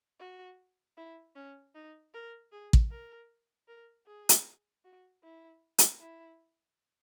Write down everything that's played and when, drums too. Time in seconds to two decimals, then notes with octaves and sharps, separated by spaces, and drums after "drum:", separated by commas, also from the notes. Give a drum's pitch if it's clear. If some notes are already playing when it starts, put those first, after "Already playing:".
0.19 F#4
0.97 E4
1.35 C#4
1.75 D#4
2.14 A#4
2.52 G#4
2.73 drum: kick
2.91 A#4
3.68 A#4
4.07 G#4
4.29 drum: hi-hat
4.85 F#4
5.23 E4
5.78 drum: hi-hat
6.01 E4